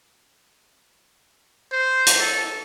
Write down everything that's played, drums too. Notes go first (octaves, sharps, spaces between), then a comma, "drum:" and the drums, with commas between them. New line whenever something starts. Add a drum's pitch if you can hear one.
C5
drum: hi-hat
A4